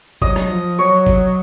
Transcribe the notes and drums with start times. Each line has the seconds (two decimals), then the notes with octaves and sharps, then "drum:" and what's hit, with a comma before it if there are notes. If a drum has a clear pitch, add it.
0.22 F#3 D#5, drum: kick
0.36 drum: rim click
0.50 F3
0.78 F#3 C#5
1.07 drum: kick